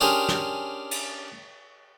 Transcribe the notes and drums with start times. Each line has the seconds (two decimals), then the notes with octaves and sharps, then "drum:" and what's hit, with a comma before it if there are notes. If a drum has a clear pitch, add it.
0.01 C#4 D4 G4 G#4 A#4 C5
0.29 drum: snare
0.91 drum: cymbal